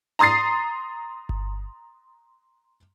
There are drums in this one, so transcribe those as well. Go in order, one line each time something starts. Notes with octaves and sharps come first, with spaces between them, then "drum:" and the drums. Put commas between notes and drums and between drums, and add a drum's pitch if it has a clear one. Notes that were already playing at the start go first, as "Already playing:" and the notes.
A#5 C6 D#6 A6 C7
drum: kick G1